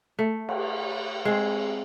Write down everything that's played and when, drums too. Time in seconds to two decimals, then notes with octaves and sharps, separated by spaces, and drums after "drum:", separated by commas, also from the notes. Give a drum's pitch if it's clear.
0.19 A3
0.49 drum: cymbal
1.25 G#3 C4